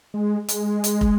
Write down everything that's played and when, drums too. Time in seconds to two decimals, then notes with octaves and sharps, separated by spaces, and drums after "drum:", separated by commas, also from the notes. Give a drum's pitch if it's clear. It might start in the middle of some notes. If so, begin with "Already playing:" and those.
0.14 G#3
0.49 G#3, drum: hi-hat
0.84 drum: hi-hat
1.01 drum: kick